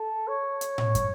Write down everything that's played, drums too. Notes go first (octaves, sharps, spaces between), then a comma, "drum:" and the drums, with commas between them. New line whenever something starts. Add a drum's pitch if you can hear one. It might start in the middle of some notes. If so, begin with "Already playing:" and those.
Already playing: A4
C#5
drum: hi-hat
drum: tom A2
drum: kick, hi-hat